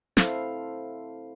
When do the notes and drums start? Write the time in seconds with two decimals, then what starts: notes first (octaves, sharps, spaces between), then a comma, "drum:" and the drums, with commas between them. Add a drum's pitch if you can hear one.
0.17 C4 E4 A4 C5 F5, drum: snare